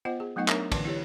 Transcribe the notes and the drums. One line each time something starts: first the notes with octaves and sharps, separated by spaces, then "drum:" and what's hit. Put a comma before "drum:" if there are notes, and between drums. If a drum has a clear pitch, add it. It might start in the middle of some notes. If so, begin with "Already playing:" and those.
B3 F4 C5 D#5 F#5
G#4
F#3 A3 B3 D#4 D#5 F#5
D4 A#4 C#5 E5 A#5, drum: clap
D3 E3 A5, drum: kick, cymbal
E4 G4 C#5